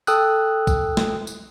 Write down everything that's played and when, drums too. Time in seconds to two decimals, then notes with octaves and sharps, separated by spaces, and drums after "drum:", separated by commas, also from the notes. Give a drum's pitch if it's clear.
0.07 A4 G5 D#6 E6 F#6, drum: tambourine
0.67 drum: kick B1, tambourine
0.97 drum: snare
1.27 drum: tambourine